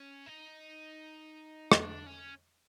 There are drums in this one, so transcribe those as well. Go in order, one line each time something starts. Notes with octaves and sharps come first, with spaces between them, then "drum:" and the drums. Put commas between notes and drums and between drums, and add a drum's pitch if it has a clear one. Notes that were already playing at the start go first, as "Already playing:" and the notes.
Already playing: C#4
D#4
drum: rim click
D4
C#4